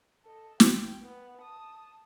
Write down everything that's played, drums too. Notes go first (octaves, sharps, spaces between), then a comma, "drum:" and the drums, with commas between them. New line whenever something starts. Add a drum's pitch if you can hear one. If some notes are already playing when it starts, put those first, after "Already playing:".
A4 D#5
G5, drum: snare
B3
A5 D#6